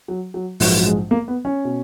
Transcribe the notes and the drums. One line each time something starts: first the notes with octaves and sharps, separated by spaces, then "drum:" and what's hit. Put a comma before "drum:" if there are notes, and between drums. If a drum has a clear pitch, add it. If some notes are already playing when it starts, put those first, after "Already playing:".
F#3
F#3
A#1 G#2 F3 F#3, drum: open hi-hat
F#3
G#3
A#3
B3
C#4
B2